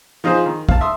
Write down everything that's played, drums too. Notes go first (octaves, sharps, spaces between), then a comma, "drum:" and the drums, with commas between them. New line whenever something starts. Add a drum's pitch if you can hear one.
F3 D#4 F4 G#4 C5
D#3
F5 A5, drum: kick
E5 C6 D#6